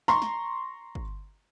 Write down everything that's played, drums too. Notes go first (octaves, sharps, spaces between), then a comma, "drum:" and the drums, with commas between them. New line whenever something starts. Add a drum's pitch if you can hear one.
A#5 C6 C#6, drum: snare
drum: snare
drum: kick